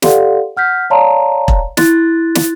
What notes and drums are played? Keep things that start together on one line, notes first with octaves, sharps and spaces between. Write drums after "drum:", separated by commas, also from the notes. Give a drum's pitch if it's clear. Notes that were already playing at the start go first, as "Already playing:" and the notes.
G4 A4 D5 F5 F#5 C6, drum: snare
F#5 F6 G6 B6
C#5 D5 F5 A5 A#5 C6
drum: kick E1
E4 C6 F#6 A6, drum: snare
drum: snare